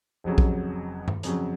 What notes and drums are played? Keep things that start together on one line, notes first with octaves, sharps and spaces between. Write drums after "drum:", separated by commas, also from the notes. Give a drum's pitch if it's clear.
F1 F2 C#3 F#3
drum: kick A#1
drum: tom G2
F2 C#3 F#3, drum: hi-hat